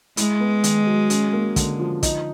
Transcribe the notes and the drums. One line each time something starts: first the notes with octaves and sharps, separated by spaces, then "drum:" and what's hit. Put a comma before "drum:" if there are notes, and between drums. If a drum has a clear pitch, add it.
G#3 E4, drum: hi-hat
B3
D#3, drum: hi-hat
F#3
C#4, drum: hi-hat
A#3
D3, drum: kick, hi-hat
F3
D#4, drum: kick, hi-hat